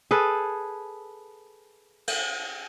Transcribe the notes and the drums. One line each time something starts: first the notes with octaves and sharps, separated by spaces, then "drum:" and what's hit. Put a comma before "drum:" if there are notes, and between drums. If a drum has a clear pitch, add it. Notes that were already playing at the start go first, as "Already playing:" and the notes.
G#4 A4 B4
drum: cymbal